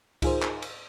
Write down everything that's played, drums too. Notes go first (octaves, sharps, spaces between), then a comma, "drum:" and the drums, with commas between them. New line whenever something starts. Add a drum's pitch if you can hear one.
D#4 F4 G#4 A#4 C5, drum: kick C#2, cymbal
drum: clap
drum: cymbal